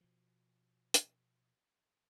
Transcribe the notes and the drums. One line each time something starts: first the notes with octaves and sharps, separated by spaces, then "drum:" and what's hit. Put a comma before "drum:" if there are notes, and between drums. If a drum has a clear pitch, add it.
B2 F3
drum: hi-hat